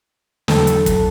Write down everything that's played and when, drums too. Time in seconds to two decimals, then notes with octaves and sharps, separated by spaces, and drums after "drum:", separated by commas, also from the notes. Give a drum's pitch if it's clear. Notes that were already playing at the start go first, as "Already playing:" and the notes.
0.48 E2 E3 F#3 A4, drum: snare
0.67 drum: hi-hat
0.86 drum: kick, hi-hat